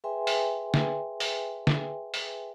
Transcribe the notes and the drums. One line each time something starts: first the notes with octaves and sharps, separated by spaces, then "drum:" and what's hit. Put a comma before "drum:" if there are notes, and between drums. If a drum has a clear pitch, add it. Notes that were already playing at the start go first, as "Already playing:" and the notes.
G#4 B4 E5 G5 G#5 C6
drum: open hi-hat
drum: snare
drum: open hi-hat
drum: snare
drum: open hi-hat